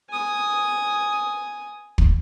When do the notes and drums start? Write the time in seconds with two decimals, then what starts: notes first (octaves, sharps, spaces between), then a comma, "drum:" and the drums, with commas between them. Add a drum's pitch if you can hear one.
0.11 G#5 D#6
1.98 drum: kick